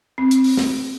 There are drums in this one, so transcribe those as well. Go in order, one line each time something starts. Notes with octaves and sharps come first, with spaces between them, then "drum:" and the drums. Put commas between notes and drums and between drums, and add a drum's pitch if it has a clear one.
C4
drum: hi-hat
drum: open hi-hat
drum: snare